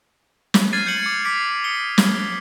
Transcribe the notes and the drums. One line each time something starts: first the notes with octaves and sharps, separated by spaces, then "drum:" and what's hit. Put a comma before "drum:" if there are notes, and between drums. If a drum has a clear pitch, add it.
drum: snare
F6 G#6 A6 C7 D#7
G6 C#7 F#7
D6 C#7
D6 B6 C7 D7
D#6 C#7 G7
drum: snare